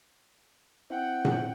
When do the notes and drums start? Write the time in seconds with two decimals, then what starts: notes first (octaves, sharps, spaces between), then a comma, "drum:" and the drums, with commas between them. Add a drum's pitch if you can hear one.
0.90 C4 E4 F#5 G5
1.25 drum: tom A#2